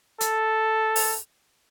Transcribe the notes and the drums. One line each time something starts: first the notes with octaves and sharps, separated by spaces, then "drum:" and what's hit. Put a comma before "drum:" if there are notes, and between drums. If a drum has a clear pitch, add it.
A4, drum: hi-hat
drum: open hi-hat